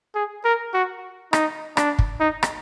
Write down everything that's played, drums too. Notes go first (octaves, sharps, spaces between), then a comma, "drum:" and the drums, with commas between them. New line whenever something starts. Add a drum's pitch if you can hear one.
G#4
A#4
F#4
D#4, drum: rim click
D4, drum: rim click
drum: kick
D#4
drum: rim click